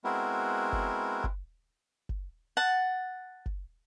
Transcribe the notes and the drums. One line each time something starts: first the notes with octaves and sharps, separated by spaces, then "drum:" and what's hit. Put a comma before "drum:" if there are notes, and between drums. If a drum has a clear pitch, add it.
G#3 B3 C4 E4 F#4 A#4
drum: kick F#1
drum: kick F#1
drum: kick F#1
F#5 A5
drum: kick F#1